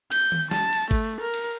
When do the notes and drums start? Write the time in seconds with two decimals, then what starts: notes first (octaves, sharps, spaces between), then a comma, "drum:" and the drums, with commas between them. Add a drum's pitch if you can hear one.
0.12 G6, drum: cymbal
0.32 drum: tom D#3
0.51 A5, drum: snare
0.73 drum: cymbal
0.91 A3, drum: kick, cymbal
1.21 A#4
1.34 drum: cymbal